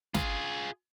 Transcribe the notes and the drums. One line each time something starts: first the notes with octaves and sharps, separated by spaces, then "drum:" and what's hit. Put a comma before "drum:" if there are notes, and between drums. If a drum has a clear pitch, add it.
F4 G#4, drum: snare